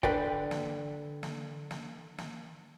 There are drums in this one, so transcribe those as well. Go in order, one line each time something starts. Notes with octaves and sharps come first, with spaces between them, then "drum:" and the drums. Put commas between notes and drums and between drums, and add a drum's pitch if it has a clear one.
D3 B4 D5 G5, drum: kick
drum: snare
drum: snare
drum: snare
drum: snare